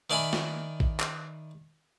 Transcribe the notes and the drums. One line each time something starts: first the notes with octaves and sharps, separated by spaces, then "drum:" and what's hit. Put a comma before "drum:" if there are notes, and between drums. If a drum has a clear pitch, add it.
D#3 D5 E5 G#5 B5
drum: snare
drum: kick A1
drum: clap